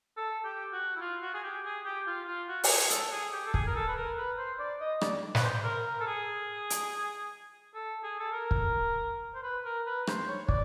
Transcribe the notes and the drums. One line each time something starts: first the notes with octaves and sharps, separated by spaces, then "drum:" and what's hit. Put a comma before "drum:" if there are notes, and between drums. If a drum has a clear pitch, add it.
A4
G4
F#4
E4
F4
F#4
G#4
G4
G#4
G4
F4
F4
F#4
G4, drum: open hi-hat
G#4
A4, drum: hi-hat
G#4
G4
A4
G#4, drum: kick
A#4
A4
B4
A#4
B4
C5
D5
D#5
D5, drum: rim click
B4, drum: snare
C5
A#4
A#4
A4
G#4
drum: hi-hat
A4
G#4
A4
A#4
drum: kick
C5
B4
A#4
B4
C5, drum: rim click
C#5
D5, drum: kick